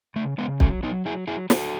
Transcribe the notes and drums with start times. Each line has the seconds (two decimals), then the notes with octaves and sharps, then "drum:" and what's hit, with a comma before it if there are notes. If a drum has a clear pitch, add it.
0.16 C#3 A3
0.38 C#3 G#3 B3
0.60 F#3 A3 C#4, drum: kick
0.83 F#3 B3 D#4
1.05 F#3 E4 G#4
1.27 F#3 E4 G#4
1.50 F#3 F#4 A4, drum: snare